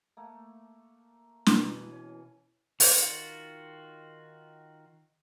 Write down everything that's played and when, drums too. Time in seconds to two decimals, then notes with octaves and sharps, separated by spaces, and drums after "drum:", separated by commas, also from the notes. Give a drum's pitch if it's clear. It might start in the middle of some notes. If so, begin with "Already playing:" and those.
0.17 A3 A#3
1.46 B2 E3, drum: snare
1.92 C#4
2.80 D#3 F4 F#4, drum: open hi-hat